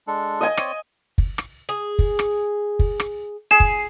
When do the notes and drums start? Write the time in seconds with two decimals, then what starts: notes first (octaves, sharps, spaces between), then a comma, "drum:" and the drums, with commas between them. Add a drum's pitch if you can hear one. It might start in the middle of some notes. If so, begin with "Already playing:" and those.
0.07 G#3 D4 A4
0.41 D#5 G#5
0.57 C4 C#5 D5, drum: rim click
1.18 drum: kick
1.38 drum: rim click
1.69 G#4
1.99 drum: kick
2.19 drum: rim click
2.79 drum: kick
3.00 drum: rim click
3.51 G#4 E7
3.60 drum: kick